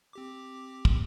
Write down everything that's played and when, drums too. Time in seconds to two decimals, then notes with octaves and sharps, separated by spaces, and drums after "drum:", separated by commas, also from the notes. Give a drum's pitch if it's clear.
0.13 C4 G4 D6
0.85 drum: kick